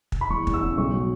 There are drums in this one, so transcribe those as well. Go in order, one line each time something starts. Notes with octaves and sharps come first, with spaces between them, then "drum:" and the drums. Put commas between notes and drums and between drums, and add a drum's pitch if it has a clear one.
drum: kick
B5
E2 C#6
E2, drum: kick
E6
C#3
B1 C#6
F#3